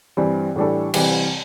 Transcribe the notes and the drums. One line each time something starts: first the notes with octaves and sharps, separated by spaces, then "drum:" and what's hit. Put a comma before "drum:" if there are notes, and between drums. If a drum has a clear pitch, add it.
G2 E3 G3 C4
A2 E3 G3 D4 A4
C3 E3 G3 C4 G4, drum: cymbal